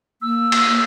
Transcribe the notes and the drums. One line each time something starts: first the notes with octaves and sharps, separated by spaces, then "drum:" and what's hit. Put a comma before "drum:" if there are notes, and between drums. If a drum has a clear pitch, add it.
A#3 E6
drum: cymbal